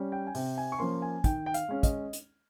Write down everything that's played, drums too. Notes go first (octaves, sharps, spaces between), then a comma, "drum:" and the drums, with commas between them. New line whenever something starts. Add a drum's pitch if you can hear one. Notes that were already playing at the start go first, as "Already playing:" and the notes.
Already playing: G3 C#4
G5
G#5
C3 G5, drum: open hi-hat
G#5
C#6
F3 A#3 C#4 C6
G#5
D#3 G5, drum: kick, hi-hat
G5
F5, drum: hi-hat
G#3 C#4
D#5, drum: kick, hi-hat
drum: hi-hat